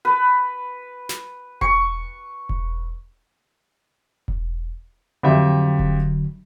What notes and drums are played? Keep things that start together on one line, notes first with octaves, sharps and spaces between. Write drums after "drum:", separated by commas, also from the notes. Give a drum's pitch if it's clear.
B4
drum: snare
C#6, drum: kick E1
drum: kick E1
drum: kick E1
F2 D3 F#3 G4 E5
drum: kick E1